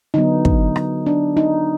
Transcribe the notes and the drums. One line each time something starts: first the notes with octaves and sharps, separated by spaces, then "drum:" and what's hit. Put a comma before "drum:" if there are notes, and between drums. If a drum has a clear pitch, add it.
D3 F#3 B3 D#4
drum: kick
drum: rim click
D4
D#4